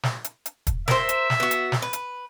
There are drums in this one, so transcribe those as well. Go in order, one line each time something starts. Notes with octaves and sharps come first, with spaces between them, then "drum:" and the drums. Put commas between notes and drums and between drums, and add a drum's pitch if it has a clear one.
drum: snare
drum: hi-hat
drum: hi-hat
drum: kick, hi-hat
A#4 C5 E5, drum: snare
drum: hi-hat
drum: snare
B3 F#4
drum: hi-hat
drum: snare
B4
drum: hi-hat